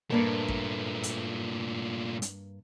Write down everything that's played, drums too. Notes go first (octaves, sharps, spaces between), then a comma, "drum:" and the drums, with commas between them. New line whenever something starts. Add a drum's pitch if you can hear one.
G2 A#2 A3 A#3 A5
drum: kick A1
drum: hi-hat
drum: hi-hat